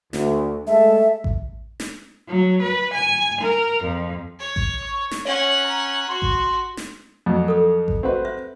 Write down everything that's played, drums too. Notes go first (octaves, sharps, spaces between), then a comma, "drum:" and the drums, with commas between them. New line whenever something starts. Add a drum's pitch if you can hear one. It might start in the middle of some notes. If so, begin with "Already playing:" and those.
D2, drum: snare
G#3 A3 A4 E5
drum: kick A1
drum: snare
F#3
B4
G#5
A#4
F2
C#5
drum: kick A1
C#6
drum: snare
C#4 C#5 F#5
A#5
F#4 C6
drum: kick A1
drum: snare
F2 F#3
A4 D#6
drum: kick A1
C4 F#4 B4
E5